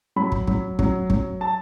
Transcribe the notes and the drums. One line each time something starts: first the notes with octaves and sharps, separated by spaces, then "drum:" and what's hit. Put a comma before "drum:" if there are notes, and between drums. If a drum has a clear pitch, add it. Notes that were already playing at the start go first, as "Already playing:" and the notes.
F#3 B5
drum: kick
F#3, drum: kick
F#3, drum: kick
F#3, drum: kick
A5